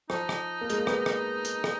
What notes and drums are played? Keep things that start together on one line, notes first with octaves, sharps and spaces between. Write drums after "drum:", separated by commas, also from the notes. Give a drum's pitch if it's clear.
F3 D#4, drum: rim click
drum: rim click
A#3
G#3, drum: hi-hat
A#3
B3, drum: rim click
drum: rim click
drum: hi-hat
drum: rim click